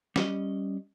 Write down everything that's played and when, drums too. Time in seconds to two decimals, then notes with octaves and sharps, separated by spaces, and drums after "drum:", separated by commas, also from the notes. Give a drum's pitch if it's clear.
0.16 G3 C#4 D#5, drum: snare